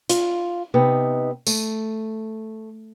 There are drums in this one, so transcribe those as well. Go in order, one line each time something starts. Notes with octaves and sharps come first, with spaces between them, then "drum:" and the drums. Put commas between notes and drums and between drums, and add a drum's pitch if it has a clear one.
F4, drum: hi-hat
C3 B3 D#4
A3, drum: tambourine